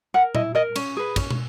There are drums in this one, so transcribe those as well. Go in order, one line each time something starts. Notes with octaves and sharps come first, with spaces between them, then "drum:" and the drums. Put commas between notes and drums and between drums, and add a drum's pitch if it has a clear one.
A#4 F#5
E4 D#5, drum: tom A#2
A#4 D#5
C#4, drum: cymbal
G#4 B4
C#4, drum: kick, cymbal
drum: tom